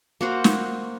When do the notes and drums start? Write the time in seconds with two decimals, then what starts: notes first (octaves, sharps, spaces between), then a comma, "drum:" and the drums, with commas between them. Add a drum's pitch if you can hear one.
0.21 A#3 F#4 C5
0.44 drum: snare